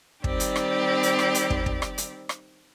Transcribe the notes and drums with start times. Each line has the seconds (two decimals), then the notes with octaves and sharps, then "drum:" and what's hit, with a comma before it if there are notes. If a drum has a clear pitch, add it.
0.24 D#3 G3 C4 G4 D5, drum: kick
0.40 drum: hi-hat
0.56 drum: rim click
1.03 drum: hi-hat
1.19 drum: rim click
1.35 drum: hi-hat
1.50 drum: kick
1.66 drum: kick
1.82 drum: rim click
1.98 drum: hi-hat
2.29 drum: rim click